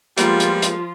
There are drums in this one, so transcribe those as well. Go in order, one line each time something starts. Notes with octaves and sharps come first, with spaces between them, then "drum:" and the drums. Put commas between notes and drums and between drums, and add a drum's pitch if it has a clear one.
F3 G3 G#3 A#3 B3 F4, drum: hi-hat
drum: hi-hat
drum: hi-hat